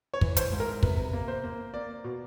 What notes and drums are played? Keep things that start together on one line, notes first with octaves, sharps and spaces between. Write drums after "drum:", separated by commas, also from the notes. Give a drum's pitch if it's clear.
C#5
E3, drum: kick
C5, drum: hi-hat
G#2
A#4
C3 B4, drum: kick
A#3
C5
A#3
A#3 D5
B2